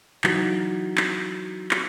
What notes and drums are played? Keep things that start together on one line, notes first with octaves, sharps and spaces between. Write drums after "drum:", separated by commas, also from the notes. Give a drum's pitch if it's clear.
E3 F#3 D#4, drum: clap
drum: clap
drum: clap